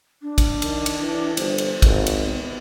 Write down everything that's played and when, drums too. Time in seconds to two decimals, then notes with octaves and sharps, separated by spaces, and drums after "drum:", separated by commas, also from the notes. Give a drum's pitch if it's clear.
0.22 D4
0.38 drum: kick, cymbal
0.62 D#3, drum: cymbal
0.86 drum: cymbal
1.00 E3
1.37 G1 C5, drum: cymbal
1.58 drum: cymbal
1.82 G#1, drum: kick, cymbal
2.06 drum: cymbal
2.24 B3